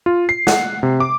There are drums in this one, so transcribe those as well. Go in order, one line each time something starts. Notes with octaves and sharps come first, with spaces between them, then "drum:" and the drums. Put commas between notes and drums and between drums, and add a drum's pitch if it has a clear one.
F4
C7
F#5, drum: snare
C3
D6